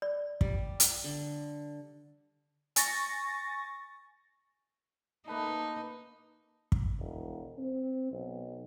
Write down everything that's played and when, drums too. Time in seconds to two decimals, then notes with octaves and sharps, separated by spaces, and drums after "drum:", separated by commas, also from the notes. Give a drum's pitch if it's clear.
0.02 D5
0.41 G3, drum: kick
0.80 drum: hi-hat
1.04 D3
2.76 G#5 C#6 A6 A#6, drum: hi-hat
5.28 A#3 D#4 B4 A5
6.72 drum: kick
6.98 E1
7.58 C4
8.12 B1